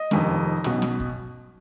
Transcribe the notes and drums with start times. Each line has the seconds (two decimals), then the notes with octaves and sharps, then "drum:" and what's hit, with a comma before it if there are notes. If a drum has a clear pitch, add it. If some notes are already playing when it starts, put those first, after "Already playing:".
Already playing: D#5
0.11 F1 F2 D#3, drum: snare
0.64 B1 B2, drum: snare
0.82 drum: snare
1.00 drum: kick